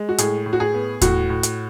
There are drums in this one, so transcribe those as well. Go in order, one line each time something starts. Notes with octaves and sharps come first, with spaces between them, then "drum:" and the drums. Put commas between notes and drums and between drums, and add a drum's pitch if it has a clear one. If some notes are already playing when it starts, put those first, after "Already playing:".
Already playing: G#3
F#4
A2 G#4, drum: hi-hat
A2
F#4
G#4
B3
A2 F#4, drum: kick D#2, hi-hat
A2
drum: hi-hat